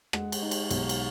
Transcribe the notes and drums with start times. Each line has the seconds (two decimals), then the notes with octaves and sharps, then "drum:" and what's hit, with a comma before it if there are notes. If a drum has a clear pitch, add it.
0.13 G#3 F#5, drum: rim click
0.32 drum: cymbal
0.42 D#4
0.51 drum: cymbal
0.71 B1, drum: cymbal
0.89 drum: cymbal